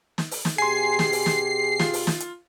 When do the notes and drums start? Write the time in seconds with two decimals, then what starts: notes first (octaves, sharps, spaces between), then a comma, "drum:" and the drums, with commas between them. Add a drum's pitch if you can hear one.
0.18 drum: snare
0.31 drum: open hi-hat
0.45 drum: snare
0.58 B2 G4 G#4 G#5 C6 C7
0.99 drum: snare
1.12 drum: open hi-hat
1.26 drum: snare
1.79 F4, drum: snare
1.93 drum: open hi-hat
2.07 drum: snare
2.20 drum: hi-hat